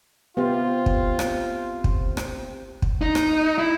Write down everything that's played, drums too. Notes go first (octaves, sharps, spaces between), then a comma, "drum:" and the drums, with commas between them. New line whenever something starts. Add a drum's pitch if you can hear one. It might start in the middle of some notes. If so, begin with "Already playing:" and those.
C3 B3 F4 G4 C5
drum: kick
drum: rim click
drum: kick
drum: rim click
drum: kick
D#4
drum: rim click
E4